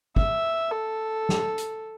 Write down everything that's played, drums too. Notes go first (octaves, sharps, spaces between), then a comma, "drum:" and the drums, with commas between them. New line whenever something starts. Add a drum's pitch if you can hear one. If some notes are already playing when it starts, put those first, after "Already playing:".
E5, drum: kick
A4
drum: snare
drum: hi-hat